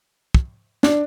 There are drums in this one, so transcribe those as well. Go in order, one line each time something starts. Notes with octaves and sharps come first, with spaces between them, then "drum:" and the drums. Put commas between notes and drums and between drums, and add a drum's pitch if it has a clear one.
drum: kick
D4, drum: snare